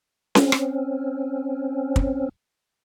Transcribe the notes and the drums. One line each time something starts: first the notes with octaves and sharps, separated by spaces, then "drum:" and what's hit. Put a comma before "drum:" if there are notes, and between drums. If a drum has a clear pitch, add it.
C4 C#4, drum: snare
drum: rim click
drum: kick